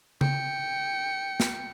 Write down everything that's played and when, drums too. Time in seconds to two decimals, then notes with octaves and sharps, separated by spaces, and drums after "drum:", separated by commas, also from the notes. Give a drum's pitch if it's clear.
0.21 G5 C#7, drum: tom C#3
1.40 drum: snare